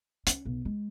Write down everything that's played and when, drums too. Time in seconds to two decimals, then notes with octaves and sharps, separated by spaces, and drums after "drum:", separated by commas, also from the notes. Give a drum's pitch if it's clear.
0.27 C#4, drum: hi-hat
0.45 B1
0.65 G#3